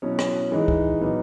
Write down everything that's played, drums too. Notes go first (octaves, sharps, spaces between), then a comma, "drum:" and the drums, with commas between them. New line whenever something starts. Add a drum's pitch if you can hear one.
B2 F#3 C#4 E4
drum: rim click
E3 G#3 D#4
drum: kick C#2
A#2 F#3 B3 D#4